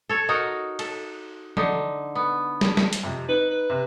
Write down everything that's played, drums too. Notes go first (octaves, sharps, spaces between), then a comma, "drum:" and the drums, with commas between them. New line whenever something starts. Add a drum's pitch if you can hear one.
A4 C#5
D#4 F#4 A#4
A4, drum: cymbal
D3 D#4, drum: tom F3
B3
drum: snare
drum: snare
drum: hi-hat
F2 C3
D#4 B4
B4
C3